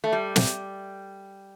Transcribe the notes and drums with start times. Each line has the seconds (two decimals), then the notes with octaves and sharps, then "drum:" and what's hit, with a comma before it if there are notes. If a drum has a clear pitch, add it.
0.04 A3
0.12 G3
0.36 drum: snare